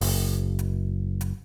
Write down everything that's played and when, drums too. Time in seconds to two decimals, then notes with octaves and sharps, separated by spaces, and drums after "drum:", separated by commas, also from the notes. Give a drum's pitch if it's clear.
0.01 F#1, drum: open hi-hat
0.59 drum: hi-hat
1.21 drum: hi-hat